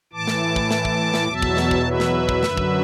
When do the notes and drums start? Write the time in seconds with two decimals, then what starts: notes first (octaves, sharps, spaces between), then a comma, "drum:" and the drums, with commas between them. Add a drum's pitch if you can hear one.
0.13 A2 E3 A5 D6
0.27 drum: snare
0.56 drum: kick
0.71 drum: snare
0.85 drum: kick
1.14 drum: snare
1.28 E2 B2 F#3 E5 A5
1.42 drum: kick
1.57 drum: snare
1.71 drum: kick
1.86 B4 E5
2.00 drum: snare
2.29 drum: kick
2.43 F#2 D3 F#3, drum: snare
2.57 drum: kick